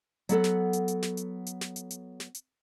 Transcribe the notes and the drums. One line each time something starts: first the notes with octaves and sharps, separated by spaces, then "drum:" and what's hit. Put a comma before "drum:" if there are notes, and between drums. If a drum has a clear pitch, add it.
F#3 B3 A4 F#5, drum: hi-hat
drum: snare
drum: hi-hat
drum: hi-hat
drum: snare
drum: hi-hat
drum: hi-hat
drum: snare
drum: hi-hat
drum: hi-hat
drum: snare
drum: hi-hat